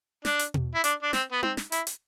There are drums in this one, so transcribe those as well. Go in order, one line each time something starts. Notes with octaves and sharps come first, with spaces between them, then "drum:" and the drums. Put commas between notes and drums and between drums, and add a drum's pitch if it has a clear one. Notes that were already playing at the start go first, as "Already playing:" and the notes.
D4, drum: snare
drum: hi-hat
drum: tom B2
E4
D4, drum: hi-hat
D4
C4, drum: snare
B3
C4, drum: tom D#4
drum: snare
E4, drum: hi-hat
drum: hi-hat